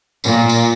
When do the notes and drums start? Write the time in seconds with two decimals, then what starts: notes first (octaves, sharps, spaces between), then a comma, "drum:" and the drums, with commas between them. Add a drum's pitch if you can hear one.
0.24 A#2, drum: tambourine
0.49 drum: tambourine